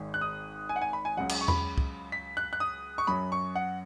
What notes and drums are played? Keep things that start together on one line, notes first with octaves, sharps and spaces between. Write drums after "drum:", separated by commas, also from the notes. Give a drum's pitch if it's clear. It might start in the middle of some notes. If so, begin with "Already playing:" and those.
Already playing: G#1 G#2 D#3 G#3
F#6
D#6
G#5
F#5
G#5
B5
G#5
C#2 C#3 F#3 F#5
drum: cymbal
C#6
B5, drum: tom E2
drum: kick C2
B6
F#6
F#6
D#6
C#6
F#2 F#3 B5
C#6
F#5